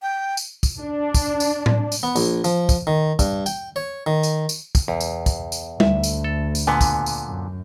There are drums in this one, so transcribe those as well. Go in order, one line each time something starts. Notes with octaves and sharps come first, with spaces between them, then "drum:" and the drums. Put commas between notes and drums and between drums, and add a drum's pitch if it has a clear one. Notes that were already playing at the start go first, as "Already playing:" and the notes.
G5
drum: tambourine
drum: kick, tambourine
D4
drum: kick, tambourine
drum: tambourine
drum: tom A2
drum: tambourine
B3
A#1, drum: tambourine
F3, drum: tambourine
drum: kick, tambourine
D#3
G2, drum: kick, tambourine
G5, drum: tambourine
C#5
D#3
drum: tambourine
drum: tambourine
drum: kick, tambourine
E2
drum: tambourine
drum: kick, tambourine
drum: tambourine
D2 E5, drum: tom G3
drum: tambourine
A4
drum: tambourine
A#2 D3 B3 G#5
drum: kick, tambourine
drum: tambourine
F#2